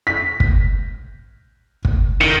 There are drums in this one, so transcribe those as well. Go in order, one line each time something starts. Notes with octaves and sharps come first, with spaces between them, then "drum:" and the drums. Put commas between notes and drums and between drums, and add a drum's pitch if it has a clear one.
B6
drum: kick
drum: kick
D#3 C#7